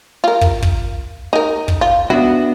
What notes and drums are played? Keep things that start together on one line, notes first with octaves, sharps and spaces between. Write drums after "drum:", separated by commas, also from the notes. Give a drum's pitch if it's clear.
F4 A#4
drum: kick
drum: kick
D#4 A#4
drum: kick
F4
B3 D4 E4 F#4